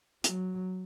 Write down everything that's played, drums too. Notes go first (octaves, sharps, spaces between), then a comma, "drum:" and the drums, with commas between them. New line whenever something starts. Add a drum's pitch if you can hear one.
F#3, drum: hi-hat